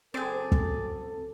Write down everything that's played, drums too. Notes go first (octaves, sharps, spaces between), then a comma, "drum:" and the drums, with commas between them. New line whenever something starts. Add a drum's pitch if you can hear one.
F#1 F#3 C4 G#4 A4 D5
drum: kick